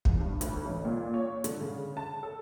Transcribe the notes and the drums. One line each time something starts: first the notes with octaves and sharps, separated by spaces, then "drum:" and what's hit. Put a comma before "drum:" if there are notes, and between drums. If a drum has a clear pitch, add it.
E2, drum: kick
G2
D2, drum: hi-hat
A1
A#2
C#5
D3, drum: hi-hat
C#3
A5
A4